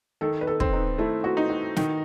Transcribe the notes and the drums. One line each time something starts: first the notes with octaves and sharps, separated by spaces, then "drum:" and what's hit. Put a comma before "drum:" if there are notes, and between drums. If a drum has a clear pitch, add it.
D#3 A4
B4
A4
C4, drum: kick
D#4
A3 E4
F#4
D#4
F#4
D#3, drum: snare